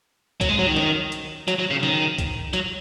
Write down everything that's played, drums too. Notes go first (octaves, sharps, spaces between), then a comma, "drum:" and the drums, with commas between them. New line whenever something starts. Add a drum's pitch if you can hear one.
F#3, drum: kick C2, hi-hat
G#3
F#3
D#3
drum: snare
drum: hi-hat
F#3, drum: hi-hat
F#3
C#3
D#3, drum: snare
drum: kick C2, hi-hat
F#3, drum: hi-hat